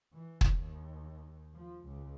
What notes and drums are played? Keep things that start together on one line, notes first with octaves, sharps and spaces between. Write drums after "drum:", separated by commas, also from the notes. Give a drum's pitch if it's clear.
E3
drum: kick
D#2
F3
C#2